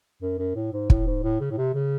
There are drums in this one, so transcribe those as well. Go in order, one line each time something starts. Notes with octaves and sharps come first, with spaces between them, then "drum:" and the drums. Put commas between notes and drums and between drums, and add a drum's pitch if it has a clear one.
F#2
F#2
A2
G#2
A2, drum: kick
G#2
A2
C#3
A2
C3
C#3